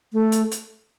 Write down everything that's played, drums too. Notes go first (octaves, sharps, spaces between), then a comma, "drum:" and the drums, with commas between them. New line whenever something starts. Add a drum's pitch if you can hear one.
A3
drum: hi-hat
drum: hi-hat